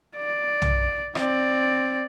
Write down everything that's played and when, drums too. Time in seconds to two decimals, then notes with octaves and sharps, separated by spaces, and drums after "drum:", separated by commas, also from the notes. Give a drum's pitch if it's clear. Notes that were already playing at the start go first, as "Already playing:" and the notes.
0.16 D5
0.62 drum: tom B1
1.15 C4 D5, drum: rim click